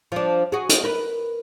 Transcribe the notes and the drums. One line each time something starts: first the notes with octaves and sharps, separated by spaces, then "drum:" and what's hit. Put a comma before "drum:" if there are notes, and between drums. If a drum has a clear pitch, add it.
F3 D4
F#4 G#4
drum: hi-hat
A#4 B4